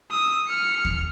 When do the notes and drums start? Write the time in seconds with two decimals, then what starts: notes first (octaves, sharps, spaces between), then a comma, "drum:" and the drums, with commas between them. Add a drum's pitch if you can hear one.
0.11 D#6 E6
0.47 F6 C#7
0.85 drum: kick D#2